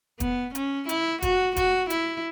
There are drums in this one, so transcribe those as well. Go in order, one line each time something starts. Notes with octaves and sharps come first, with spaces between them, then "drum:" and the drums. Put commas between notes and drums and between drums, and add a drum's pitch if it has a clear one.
B3, drum: kick, hi-hat
C#4, drum: hi-hat
E4, drum: hi-hat
F#4, drum: kick, hi-hat
F#4, drum: kick, hi-hat
E4, drum: hi-hat